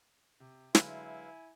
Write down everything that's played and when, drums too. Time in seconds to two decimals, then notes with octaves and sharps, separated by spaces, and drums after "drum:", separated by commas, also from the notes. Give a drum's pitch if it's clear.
0.40 C3
0.75 D3 F#3 G#3 E4 B4 E5 F5 G#5, drum: snare